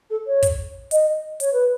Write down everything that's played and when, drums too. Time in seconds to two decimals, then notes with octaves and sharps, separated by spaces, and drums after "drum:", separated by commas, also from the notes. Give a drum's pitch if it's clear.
0.10 A4
0.26 C#5
0.43 drum: kick, hi-hat
0.91 D#5, drum: hi-hat
1.40 C#5, drum: hi-hat
1.52 B4